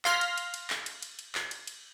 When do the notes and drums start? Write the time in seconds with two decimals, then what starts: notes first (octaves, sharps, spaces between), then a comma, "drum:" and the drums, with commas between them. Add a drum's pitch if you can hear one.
0.05 F5 C6 F6 A#6 B6, drum: clap
0.21 drum: cymbal
0.38 drum: cymbal
0.54 drum: cymbal
0.70 drum: clap
0.86 drum: cymbal
1.02 drum: cymbal
1.19 drum: cymbal
1.35 drum: clap
1.51 drum: cymbal
1.67 drum: cymbal